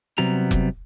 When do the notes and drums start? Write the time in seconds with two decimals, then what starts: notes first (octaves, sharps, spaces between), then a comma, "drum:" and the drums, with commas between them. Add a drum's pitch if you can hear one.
0.18 C3 F#3 G3 B3 A#5
0.51 drum: kick F1